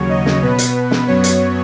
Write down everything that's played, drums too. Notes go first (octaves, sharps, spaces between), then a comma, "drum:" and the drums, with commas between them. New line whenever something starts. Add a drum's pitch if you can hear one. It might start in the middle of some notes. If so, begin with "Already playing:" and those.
Already playing: D#2 C#3 F#3 C#5
D#5
drum: snare
B2 B3 B4
drum: hi-hat
drum: snare
F#2 F#3 B3 C#5
drum: hi-hat